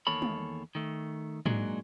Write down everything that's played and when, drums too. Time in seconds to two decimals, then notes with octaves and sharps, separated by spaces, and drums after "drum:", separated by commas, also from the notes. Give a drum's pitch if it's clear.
0.07 E2 D#3 A#3 A4 C#5 B5
0.22 drum: tom
0.75 D#3 A3
1.46 A#2 F#3 G#3 A#3 D4 D#4, drum: tom